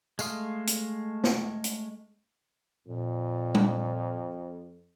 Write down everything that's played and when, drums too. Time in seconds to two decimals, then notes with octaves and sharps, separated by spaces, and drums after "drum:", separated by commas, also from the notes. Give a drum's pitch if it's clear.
0.19 G#3 A3 F5 C6 D#6, drum: tambourine
0.67 drum: hi-hat
1.24 drum: snare
1.64 drum: hi-hat
2.87 F2 A#2
3.55 drum: tom G3